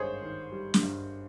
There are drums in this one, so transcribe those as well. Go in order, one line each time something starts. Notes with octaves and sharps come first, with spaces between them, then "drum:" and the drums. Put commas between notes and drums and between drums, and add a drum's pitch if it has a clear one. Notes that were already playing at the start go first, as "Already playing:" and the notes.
Already playing: G#1 G2 G#4 C5 C#5
D#3
G3
drum: snare
G2